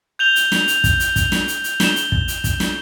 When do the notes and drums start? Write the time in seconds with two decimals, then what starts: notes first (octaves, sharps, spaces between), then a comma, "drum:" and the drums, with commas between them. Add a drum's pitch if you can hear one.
0.19 G6 F7 G7
0.36 drum: hi-hat
0.52 drum: snare
0.68 drum: hi-hat
0.84 drum: kick, hi-hat
1.00 drum: hi-hat
1.16 drum: kick, hi-hat
1.32 drum: snare
1.48 drum: hi-hat
1.64 drum: hi-hat
1.80 E7 G7, drum: snare
1.96 drum: hi-hat
2.12 drum: kick
2.28 drum: hi-hat
2.44 drum: kick, hi-hat
2.60 drum: snare